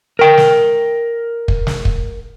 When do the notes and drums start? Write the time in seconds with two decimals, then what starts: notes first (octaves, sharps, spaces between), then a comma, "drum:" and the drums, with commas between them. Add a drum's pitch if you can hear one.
0.19 A#4 G5
0.38 drum: snare
1.48 drum: kick
1.67 drum: snare
1.85 drum: kick